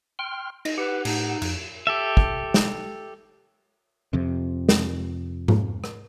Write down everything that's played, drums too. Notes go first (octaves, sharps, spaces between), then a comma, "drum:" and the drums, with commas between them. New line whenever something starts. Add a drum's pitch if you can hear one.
G5 C6 F6
D#4 D#5, drum: cymbal
G4 B4 F#5
A2 D#4, drum: cymbal
F2, drum: cymbal
G4 A4 E5
drum: kick
drum: snare
F2 C3
drum: snare
drum: tom G#2
drum: rim click